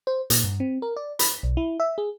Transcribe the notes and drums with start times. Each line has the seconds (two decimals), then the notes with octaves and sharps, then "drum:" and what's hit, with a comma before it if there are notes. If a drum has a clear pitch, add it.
0.07 C5
0.30 A#2, drum: hi-hat
0.44 G2
0.60 C4
0.82 A#4
0.96 D5
1.19 B5, drum: hi-hat
1.43 B1
1.57 E4
1.80 E5
1.98 G#4